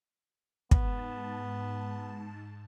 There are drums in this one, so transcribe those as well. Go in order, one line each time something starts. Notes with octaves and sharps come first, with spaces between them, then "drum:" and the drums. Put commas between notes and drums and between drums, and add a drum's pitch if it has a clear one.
G#2 B3 A5, drum: kick